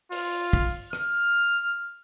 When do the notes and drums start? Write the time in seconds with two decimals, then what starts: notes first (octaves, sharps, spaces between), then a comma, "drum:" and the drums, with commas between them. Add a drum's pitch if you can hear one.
0.12 F4, drum: open hi-hat
0.53 drum: kick
0.93 F6, drum: rim click